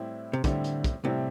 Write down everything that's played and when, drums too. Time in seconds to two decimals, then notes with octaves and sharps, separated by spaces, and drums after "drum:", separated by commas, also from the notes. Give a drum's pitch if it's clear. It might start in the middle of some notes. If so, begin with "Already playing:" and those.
Already playing: A2 G3 C4 E4
0.33 C3
0.44 A2 D3 G3 C4 E4, drum: kick, hi-hat
0.64 drum: hi-hat
0.84 drum: kick, hi-hat
1.05 A2 C3 G3 C4 E4